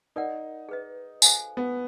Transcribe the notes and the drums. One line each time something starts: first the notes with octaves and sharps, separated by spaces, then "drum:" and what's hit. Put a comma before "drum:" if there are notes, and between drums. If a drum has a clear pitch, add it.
D#4 A#4 D5 F#5
G#4 B4 D#5
F#4 A4 C5 F5 G#5, drum: tambourine
B3